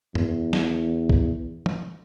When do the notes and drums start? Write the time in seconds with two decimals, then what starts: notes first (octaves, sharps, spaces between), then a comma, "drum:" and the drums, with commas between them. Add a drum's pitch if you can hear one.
0.15 E2, drum: tom
0.53 drum: snare
1.09 drum: kick A#1
1.66 drum: tom